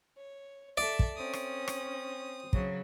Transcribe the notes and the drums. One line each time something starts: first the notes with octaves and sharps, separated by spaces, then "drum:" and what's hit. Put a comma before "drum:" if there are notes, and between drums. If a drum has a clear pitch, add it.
C#5
A4 D5 E5
drum: kick
C4 C#4 D#6
drum: rim click
drum: rim click
C#3 F#3, drum: kick